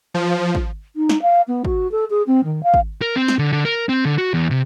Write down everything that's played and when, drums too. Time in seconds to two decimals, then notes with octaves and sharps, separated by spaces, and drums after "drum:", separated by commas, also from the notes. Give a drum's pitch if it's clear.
0.14 F3
0.55 drum: kick
0.96 D#4
1.09 drum: snare
1.22 F5
1.47 B3
1.65 F#4, drum: kick
1.91 A4
2.10 G#4
2.26 C4
2.43 D#3
2.63 F5
2.74 drum: kick
3.02 A#4
3.16 C4
3.28 drum: snare
3.39 D3
3.53 D3
3.65 A#4
3.89 C4
4.05 D3
4.18 F#4
4.34 E2
4.51 C3